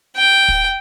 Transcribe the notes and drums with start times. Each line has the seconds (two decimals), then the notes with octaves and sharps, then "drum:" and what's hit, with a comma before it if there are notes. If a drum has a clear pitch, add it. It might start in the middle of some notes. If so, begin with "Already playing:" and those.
0.17 G5
0.48 drum: kick